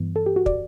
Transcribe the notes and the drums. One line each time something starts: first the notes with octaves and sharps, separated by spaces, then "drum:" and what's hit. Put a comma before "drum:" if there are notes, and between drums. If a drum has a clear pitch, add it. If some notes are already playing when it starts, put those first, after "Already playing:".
Already playing: G2 E3 B3
A4
G4
F#4
D5, drum: kick